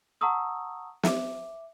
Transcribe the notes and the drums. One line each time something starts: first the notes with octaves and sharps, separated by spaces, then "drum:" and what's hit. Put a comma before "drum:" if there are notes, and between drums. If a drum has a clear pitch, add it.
F#5 A5 A#5 C#6 D#6 E6
E5 D6, drum: snare